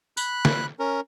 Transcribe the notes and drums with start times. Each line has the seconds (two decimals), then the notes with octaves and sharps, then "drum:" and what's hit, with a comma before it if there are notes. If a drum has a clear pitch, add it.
0.17 B5 F#6, drum: tambourine
0.45 drum: snare
0.79 C#4 A#4